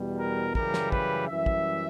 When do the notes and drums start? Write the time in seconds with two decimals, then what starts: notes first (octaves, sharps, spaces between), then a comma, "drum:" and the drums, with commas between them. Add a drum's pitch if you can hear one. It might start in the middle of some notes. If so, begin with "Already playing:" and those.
Already playing: E2 B2 G3
0.20 A#4
0.55 F#2 C#3 E3 G3 A#4, drum: kick
0.74 drum: snare
0.92 B4, drum: kick
1.28 F#2 E3 G3 E5
1.46 drum: kick